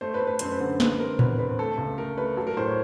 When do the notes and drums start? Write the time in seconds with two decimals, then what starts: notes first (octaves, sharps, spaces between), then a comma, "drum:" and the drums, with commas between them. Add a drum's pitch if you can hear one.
0.01 A3 C5
0.14 B4
0.21 A3
0.27 B4
0.39 F#2 C5, drum: hi-hat
0.51 B4
0.60 D3
0.80 G#3 B4, drum: snare
0.99 C4 A#4
1.19 E2 B4, drum: tom A2
1.39 C4 B4
1.59 A3 A4
1.78 C#2
1.98 A3 A#4
2.17 A3 B4
2.37 F#3 A4
2.47 A#4
2.57 A2 C5
2.66 C#5